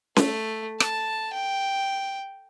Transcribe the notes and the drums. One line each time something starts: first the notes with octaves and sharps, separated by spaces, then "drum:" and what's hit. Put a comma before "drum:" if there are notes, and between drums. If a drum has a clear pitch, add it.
A3, drum: snare C#4
A5, drum: rim click
G5